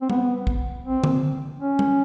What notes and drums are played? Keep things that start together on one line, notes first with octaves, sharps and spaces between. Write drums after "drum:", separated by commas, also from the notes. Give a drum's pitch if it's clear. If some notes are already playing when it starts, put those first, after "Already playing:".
C4
B3, drum: tom
drum: kick
C4
drum: tom
C#4
drum: tom